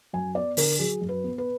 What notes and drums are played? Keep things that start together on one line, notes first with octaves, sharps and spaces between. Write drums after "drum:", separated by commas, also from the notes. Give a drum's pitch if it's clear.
F#2 G#5
B3 D5
D3 A#4, drum: open hi-hat
F#3 G#4
F#2
B4
B3
B4